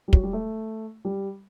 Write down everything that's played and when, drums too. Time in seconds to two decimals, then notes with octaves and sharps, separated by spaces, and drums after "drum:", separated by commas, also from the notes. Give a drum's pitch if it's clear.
0.08 G3
0.13 F#3, drum: kick
0.23 G3
0.33 A3
1.05 G3